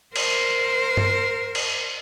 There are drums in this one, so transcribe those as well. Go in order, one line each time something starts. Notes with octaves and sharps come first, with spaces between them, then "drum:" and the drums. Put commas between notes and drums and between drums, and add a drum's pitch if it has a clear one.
A#4 C5, drum: cymbal
drum: tom G2
drum: cymbal